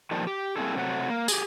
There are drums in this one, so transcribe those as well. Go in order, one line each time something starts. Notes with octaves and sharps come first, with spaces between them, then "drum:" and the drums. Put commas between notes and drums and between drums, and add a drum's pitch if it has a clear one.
A#2 D#3 F3 G3 A5
G4
G3 A#3 C4 E4 G#4 A4
C3 F#3 A3 F#5
A#3
G4 G#4, drum: tambourine